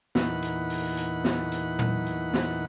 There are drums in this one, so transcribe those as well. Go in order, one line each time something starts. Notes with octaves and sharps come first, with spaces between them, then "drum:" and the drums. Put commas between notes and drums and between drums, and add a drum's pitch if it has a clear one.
E2 A#2 E3 D#4 F#5 B5, drum: snare
drum: hi-hat
drum: open hi-hat
drum: hi-hat
drum: snare
drum: hi-hat
drum: tom A#2
drum: hi-hat
drum: snare